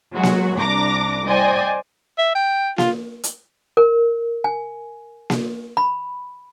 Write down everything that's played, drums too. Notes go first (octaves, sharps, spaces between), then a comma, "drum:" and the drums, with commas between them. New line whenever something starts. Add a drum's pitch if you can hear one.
F#3 G#3 F#4
drum: snare A#3
C2 D4 A#5 D6 A#6
C5 D5 D#5 G5 G#5
E5
G5
F4, drum: snare A#3
drum: hi-hat
A#4
G#5
drum: snare A#3
B5